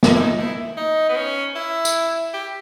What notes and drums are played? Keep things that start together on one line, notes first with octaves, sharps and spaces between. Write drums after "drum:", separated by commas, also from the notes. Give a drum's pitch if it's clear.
drum: snare
E4
D#4
E4
D#4
B3
C#4
E4
drum: tambourine
G4